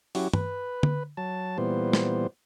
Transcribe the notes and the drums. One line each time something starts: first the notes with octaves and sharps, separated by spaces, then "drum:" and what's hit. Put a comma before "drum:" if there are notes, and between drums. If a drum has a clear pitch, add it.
F#3 C#4 E4 F#4 G4, drum: open hi-hat
B4, drum: tom
drum: tom D3
F#3 A5
A#2 E3 G3 B3 C5
drum: snare